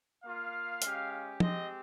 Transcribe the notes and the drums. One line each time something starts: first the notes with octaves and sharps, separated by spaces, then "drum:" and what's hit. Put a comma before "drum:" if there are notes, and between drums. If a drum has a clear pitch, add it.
A#3 F4 F5
G#3 C#4 G4, drum: hi-hat
G#3 C4 G4 D#5, drum: tom F3